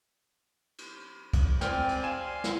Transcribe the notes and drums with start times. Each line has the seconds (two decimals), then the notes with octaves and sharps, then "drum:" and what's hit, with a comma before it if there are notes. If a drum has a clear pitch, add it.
0.78 drum: cymbal
1.33 drum: kick, cymbal
1.61 C4 D5 G5 G#5 F6, drum: snare
1.89 drum: cymbal
2.04 F5 G#5 C6 E7
2.44 drum: snare